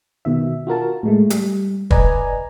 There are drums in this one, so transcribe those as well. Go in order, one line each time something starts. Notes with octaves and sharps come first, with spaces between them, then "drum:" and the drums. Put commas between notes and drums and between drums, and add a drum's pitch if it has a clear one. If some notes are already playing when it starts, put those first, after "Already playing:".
B2 D#3 E5
F4 F#4 A#4 A5
A2 G#3 A3
G3, drum: hi-hat
B4 D5 D#5 G#5 A#5, drum: kick